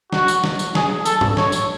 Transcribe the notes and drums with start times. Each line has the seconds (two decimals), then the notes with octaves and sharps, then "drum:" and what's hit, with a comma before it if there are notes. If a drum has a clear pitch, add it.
0.13 F#4, drum: snare
0.28 drum: tambourine
0.44 drum: snare
0.59 drum: tambourine
0.75 G#4, drum: snare
1.05 A4, drum: tambourine
1.21 drum: tom
1.37 C#5, drum: snare
1.52 drum: tambourine